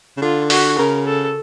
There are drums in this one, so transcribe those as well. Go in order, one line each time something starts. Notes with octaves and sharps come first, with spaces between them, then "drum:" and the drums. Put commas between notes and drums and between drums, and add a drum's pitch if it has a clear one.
C#3
D3 F4
F#4, drum: open hi-hat
C#3 A#4
A4